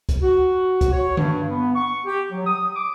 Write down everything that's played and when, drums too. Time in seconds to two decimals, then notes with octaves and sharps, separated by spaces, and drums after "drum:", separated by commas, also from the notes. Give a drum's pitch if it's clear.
0.09 drum: kick, hi-hat
0.22 F#4
0.81 drum: kick, hi-hat
0.92 C#5
1.17 G2, drum: tom D3
1.50 B3
1.75 C#6
2.06 G4
2.32 F#3
2.46 D#6
2.76 D6